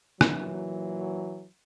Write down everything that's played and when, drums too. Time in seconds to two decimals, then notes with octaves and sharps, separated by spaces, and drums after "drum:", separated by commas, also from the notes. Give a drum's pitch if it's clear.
0.21 A#2 E3 F#3, drum: rim click